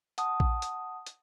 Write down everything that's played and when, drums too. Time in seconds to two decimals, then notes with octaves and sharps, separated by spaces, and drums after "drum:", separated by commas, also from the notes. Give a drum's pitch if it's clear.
0.18 F#5 A5 D#6, drum: hi-hat
0.40 drum: kick A#1
0.62 drum: hi-hat
1.06 drum: hi-hat